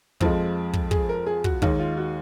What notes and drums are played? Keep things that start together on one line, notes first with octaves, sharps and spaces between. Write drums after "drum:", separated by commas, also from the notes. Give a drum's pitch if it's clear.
F2 F3 G#3, drum: kick
drum: kick
G#4, drum: kick
A#4
G#4
F#4, drum: kick
D#2 D#3 G#3 D#4, drum: kick
F4
F#4